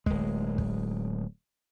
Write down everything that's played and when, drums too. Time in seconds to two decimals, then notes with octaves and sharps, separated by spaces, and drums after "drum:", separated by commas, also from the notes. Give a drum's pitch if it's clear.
0.06 D1 G#3, drum: kick
0.58 drum: kick